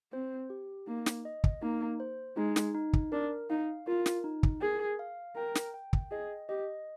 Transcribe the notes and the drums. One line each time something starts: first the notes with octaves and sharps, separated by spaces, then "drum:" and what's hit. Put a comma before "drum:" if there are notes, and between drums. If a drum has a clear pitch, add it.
C4 C5
G4
A#3 D#4
drum: snare
D#5
drum: kick
A#3 D#4
C5
G#3 D#4
drum: snare
D#4
drum: kick
D4 A#4
D#4 F5
F4 A#4
drum: snare
D#4
drum: kick
G#4 A#4
F5
A#4 G5
drum: snare
G5
drum: kick
G#4 D#5
G4 D#5